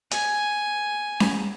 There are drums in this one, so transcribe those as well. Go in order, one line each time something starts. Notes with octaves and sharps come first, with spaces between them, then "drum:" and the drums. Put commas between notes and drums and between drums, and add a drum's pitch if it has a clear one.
G#5, drum: hi-hat
drum: snare C#4